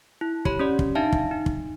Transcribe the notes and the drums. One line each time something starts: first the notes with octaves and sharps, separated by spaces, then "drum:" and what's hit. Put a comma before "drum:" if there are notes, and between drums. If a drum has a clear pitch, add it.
E4
G4 C#5 B5, drum: kick
C#4 G4 D5
drum: kick
D4 D#4 E5 F5 A5
drum: kick
D#4
drum: kick